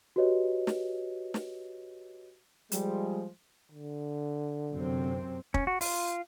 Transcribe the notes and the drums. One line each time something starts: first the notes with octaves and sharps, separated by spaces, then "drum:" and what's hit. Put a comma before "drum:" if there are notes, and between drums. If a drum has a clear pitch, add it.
F#4 G4 B4 C#5 D#5
drum: snare
drum: snare
F3 G3 G#3, drum: hi-hat
D3
F#2 C3 C4
C#4, drum: kick
F#4
F4, drum: open hi-hat